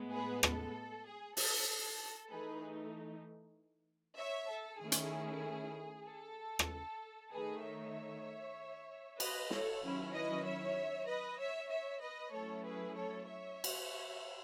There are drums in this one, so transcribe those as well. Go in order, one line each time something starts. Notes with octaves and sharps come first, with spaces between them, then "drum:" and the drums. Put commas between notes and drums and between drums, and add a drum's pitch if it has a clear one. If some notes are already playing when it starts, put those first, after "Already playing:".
Already playing: A2 G#3 B3
G#4 B4
A4, drum: rim click
G#4
A4, drum: open hi-hat
E3 A3 D#4 G#4 B4
C#5 E5
A4
D#3 A3 C#4 E4 G#4
drum: hi-hat
A4
drum: rim click
D#3 A3 D#4 G#4 B4
C#5 E5
B4 D#5, drum: cymbal
A4 C#5, drum: snare
D#3 F#3 C#4 E4
B4 D#5
C#5 E5
B4 D#5
C#5 E5
C#5 E5
B4 D#5
F#3 A3 C#4 E4 A4 C#5
G#4 B4
A4 C#5
C#5 E5
drum: cymbal